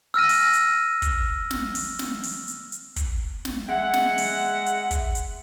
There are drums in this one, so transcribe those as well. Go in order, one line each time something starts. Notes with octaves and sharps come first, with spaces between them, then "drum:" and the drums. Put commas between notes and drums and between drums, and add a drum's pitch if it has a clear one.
E6 F6 A#6 D#7
drum: open hi-hat
drum: hi-hat
drum: kick, hi-hat
drum: snare
drum: open hi-hat
drum: snare
drum: open hi-hat
drum: hi-hat
drum: hi-hat
drum: kick, hi-hat
drum: snare
G#3 E5 F#5
drum: snare
drum: open hi-hat
drum: hi-hat
drum: kick, hi-hat
drum: hi-hat